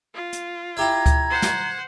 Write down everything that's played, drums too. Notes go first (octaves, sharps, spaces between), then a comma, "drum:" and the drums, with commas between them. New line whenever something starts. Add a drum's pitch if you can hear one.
F4
drum: hi-hat
E4 G4 E5 A#5 G#6
drum: kick C#2, hi-hat
C5 F#5
drum: snare